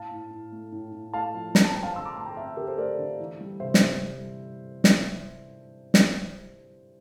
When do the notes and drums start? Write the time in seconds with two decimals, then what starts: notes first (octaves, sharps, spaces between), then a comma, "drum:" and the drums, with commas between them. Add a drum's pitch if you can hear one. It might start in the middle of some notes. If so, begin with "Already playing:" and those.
Already playing: A2 F5 A5
0.11 A2
0.31 A2
0.52 A3
0.72 A2
0.92 A2
1.13 A3 F5 A5
1.34 F3
1.55 C4 A#5, drum: snare
1.64 A5
1.73 C4 G5
1.83 F5 A5
1.95 D3 C6 E6
2.05 A#5 D6
2.16 A3 A5 C6
2.26 G5 A#5
2.37 C4 E5 G5
2.57 D3 G4 A#4
2.68 A4 C5
2.78 A3 A#4 D5
2.99 D3
3.19 E3
3.40 G3
3.60 C3 C5 E5
3.74 drum: snare
4.84 drum: snare
5.94 drum: snare